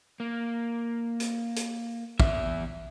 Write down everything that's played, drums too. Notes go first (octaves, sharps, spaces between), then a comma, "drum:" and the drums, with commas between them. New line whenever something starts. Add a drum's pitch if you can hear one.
A#3
drum: hi-hat
drum: hi-hat
E2 E5, drum: kick